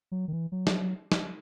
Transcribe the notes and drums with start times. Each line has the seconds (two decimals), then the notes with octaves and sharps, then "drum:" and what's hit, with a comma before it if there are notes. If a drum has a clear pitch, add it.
0.12 F#3
0.28 D#3
0.32 E3
0.52 F#3
0.67 drum: snare
1.12 drum: snare